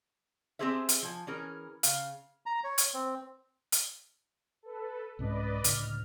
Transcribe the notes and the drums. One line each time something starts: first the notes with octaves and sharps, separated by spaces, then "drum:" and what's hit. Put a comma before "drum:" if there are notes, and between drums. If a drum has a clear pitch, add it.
C4 D#4 G4 G#4 C5 E5
drum: hi-hat
F3 G#5
E3 C#4 G#4 A#4
C#3 F5, drum: hi-hat
A#5
C#5
drum: hi-hat
C4
drum: hi-hat
A4 B4
C2 G#2 C#4 B4 D5 D#5
C#2 A2 D3 F6, drum: hi-hat